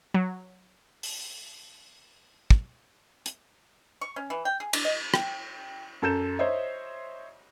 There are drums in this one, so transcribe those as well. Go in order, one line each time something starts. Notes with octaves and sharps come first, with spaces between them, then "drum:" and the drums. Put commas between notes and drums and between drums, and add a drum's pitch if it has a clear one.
F#3
drum: open hi-hat
drum: kick
drum: hi-hat
C#6
C#4
E3
G5
G#4
D4, drum: cymbal
D#5
G5, drum: rim click
F#2 A4 G6 E7
C5 C#5 D#5 E5